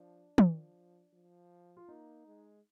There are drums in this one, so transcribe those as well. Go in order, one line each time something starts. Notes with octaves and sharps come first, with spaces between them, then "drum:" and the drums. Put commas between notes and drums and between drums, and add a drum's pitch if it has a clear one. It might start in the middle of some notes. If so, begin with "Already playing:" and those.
Already playing: F3 D4
F3, drum: tom
F3
F4
A#3 D#4
G#3